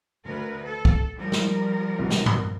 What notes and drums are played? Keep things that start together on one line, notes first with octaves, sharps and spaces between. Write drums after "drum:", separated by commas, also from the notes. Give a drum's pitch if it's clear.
D2 A#4 B4
A4
drum: kick
F3 G3 A#4
drum: snare
C2 B2
drum: snare
drum: tom G2